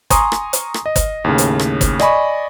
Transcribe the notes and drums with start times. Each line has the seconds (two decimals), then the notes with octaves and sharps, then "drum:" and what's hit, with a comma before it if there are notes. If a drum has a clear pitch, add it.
0.10 G#5 A#5 C6 C#6 D#6, drum: kick, hi-hat
0.32 drum: rim click
0.53 drum: hi-hat
0.74 drum: rim click
0.86 D#5
0.96 drum: kick, hi-hat
1.24 D#2 A2 C#3
1.38 drum: hi-hat
1.59 drum: rim click
1.81 drum: kick, hi-hat
1.99 D5 D#5 G#5 B5 C#6, drum: rim click